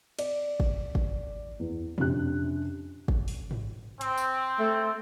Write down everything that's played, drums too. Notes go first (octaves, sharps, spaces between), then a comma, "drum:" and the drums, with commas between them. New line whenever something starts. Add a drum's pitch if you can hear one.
D5, drum: cymbal
drum: kick
drum: kick
E2
F2 C3 C#4 D4 G4 F#6, drum: tom A#2
drum: kick
drum: open hi-hat
drum: tom G#2
C4, drum: hi-hat
drum: tambourine
A3